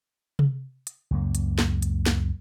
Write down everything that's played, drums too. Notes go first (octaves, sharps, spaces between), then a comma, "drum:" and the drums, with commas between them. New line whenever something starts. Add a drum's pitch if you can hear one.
drum: tom C3
drum: hi-hat
C#2 F#2 A#3
drum: hi-hat
drum: snare
drum: hi-hat
drum: snare